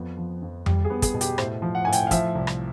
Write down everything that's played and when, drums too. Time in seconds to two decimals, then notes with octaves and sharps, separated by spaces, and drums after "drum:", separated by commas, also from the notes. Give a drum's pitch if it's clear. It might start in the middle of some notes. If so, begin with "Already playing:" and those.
Already playing: F2 B3
0.17 F3
0.42 F2
0.66 G3, drum: tom F2
0.85 G#4
0.90 B3
1.02 G#4, drum: kick, hi-hat
1.14 B2
1.21 G4, drum: hi-hat
1.38 A2 C5, drum: rim click
1.62 F3
1.75 F#5
1.85 A2 G#5
1.92 G5, drum: hi-hat
2.07 F5
2.11 F3 E5, drum: kick, hi-hat
2.35 C2
2.47 drum: rim click